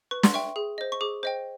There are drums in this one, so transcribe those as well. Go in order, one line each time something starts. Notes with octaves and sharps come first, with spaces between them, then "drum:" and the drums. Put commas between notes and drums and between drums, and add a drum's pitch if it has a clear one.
B4 C#6
C6, drum: snare
E5 G5 C#6
G#4
C5 D#5
C#6
G#4 D6
C5 D#5 G5